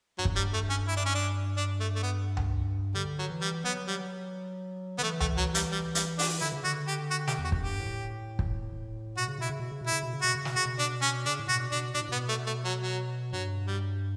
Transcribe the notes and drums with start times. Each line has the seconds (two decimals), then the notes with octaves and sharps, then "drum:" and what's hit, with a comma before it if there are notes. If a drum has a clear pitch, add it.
0.18 G2 F#3
0.25 F#2, drum: kick
0.33 G2 G3
0.54 A3
0.70 C#4
0.88 E4
0.97 D4
1.06 C#4
1.15 D4
1.57 D4
1.80 A3
1.95 A3
2.03 B3
2.37 drum: tom C#2
2.95 D3 G3
3.19 F#3
3.30 E3
3.42 G3
3.64 F#3 B3
3.88 G3
4.98 D3 B3
5.03 E3 A3
5.20 A3, drum: tom C#2
5.38 F#3
5.55 G3, drum: hi-hat
5.72 G3
5.95 G3, drum: hi-hat
6.19 D4, drum: open hi-hat
6.41 D3 E4
6.52 C#3
6.64 D3 F#4
6.88 G4
7.11 F#4
7.27 G4, drum: snare
7.38 E2
7.44 F#4
7.52 F#2, drum: kick
7.62 G2 G4
7.79 A2
8.39 drum: kick
9.18 B2 F#4
9.28 C#3
9.39 B2 E4
9.49 C#3
9.60 B2
9.71 C#3
9.81 B2
9.87 E4
9.92 C#3
10.03 B2
10.14 C#3
10.22 B2 F#4
10.35 C#3
10.45 B2, drum: snare
10.56 C#3 F#4
10.66 B2
10.79 D4
11.02 C#4
11.26 C#3 D4
11.39 A2
11.49 B2 F#4
11.72 B2 D4
11.94 B2 D4
12.01 A2
12.09 B2 B3
12.29 A3
12.47 A3
12.64 F#3
12.81 F#3
13.33 G2 F#3
13.67 G3